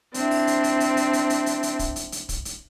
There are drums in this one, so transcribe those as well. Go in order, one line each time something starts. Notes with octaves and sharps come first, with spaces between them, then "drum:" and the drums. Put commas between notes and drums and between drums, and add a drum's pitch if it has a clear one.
C4 D4 E4, drum: hi-hat
drum: open hi-hat
drum: hi-hat
drum: hi-hat
drum: hi-hat
drum: hi-hat
drum: hi-hat
drum: hi-hat
drum: hi-hat
drum: hi-hat
drum: kick, hi-hat
drum: hi-hat
drum: hi-hat
drum: kick, hi-hat
drum: hi-hat